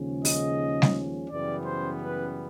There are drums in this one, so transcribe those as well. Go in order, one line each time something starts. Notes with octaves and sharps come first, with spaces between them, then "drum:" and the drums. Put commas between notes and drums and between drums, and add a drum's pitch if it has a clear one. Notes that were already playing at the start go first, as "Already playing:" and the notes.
Already playing: D#2 C#3 F3 G#3 C#4
D#5, drum: open hi-hat
drum: snare
F#2 C#3 E3 G3 B3 D5
C5
B4